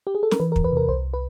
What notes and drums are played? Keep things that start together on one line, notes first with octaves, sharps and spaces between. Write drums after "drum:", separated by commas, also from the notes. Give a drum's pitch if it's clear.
G4
G#4
A4
A#4, drum: snare
E3 B4
A#4
E2, drum: kick
B4
C3 A#4
C2 C5
B4